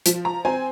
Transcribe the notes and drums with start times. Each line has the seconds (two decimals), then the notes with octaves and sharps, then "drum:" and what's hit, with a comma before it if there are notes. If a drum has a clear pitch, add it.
0.06 F3, drum: hi-hat
0.25 A#5
0.45 C4 G#5